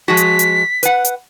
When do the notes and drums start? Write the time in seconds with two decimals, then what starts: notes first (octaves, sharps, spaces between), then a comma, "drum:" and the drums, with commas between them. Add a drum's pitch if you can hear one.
0.08 F3 G#3 F#4 B6
0.17 drum: hi-hat
0.39 drum: hi-hat
0.83 B4 F#5, drum: hi-hat
1.05 drum: hi-hat